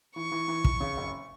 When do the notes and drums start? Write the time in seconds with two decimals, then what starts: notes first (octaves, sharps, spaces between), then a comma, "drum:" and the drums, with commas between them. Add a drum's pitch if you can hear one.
0.16 E3 C#6
0.32 E3
0.48 E3
0.64 E3, drum: kick
0.80 C#3
0.97 F#1